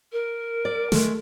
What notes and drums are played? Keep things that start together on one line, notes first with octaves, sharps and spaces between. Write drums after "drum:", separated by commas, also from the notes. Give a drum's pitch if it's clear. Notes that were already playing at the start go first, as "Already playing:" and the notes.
A#4
D5
G#3 A3, drum: snare